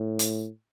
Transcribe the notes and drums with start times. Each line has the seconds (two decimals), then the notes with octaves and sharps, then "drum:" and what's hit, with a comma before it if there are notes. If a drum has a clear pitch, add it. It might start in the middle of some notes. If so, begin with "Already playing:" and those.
Already playing: A2
0.19 drum: hi-hat